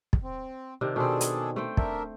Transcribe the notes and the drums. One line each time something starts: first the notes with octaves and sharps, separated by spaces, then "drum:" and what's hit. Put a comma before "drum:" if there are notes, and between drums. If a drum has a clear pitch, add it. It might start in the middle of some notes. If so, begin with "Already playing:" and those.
drum: kick
C4
C3 D#3 D4
B2 C4 D4 G#4 A4
drum: hi-hat
A3 C5 G5
D4 A#4 E5, drum: kick